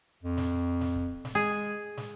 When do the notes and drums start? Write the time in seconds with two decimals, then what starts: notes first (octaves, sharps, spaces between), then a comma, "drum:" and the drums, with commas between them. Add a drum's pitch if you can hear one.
0.23 F2
0.37 drum: snare
0.81 drum: snare
0.96 drum: kick
1.25 drum: snare
1.35 G#3 G#4
1.97 drum: snare